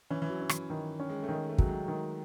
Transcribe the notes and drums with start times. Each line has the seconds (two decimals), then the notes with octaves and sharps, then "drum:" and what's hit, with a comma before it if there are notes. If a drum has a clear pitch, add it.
0.10 E3 C#4
0.22 E3
0.30 F#3
0.41 C#4
0.49 E3, drum: rim click
0.70 D#3
1.00 C#4
1.09 G#3
1.23 A3
1.29 D#3
1.35 G#3
1.49 A3
1.58 F#3 G#3, drum: kick
1.88 D#3 G#3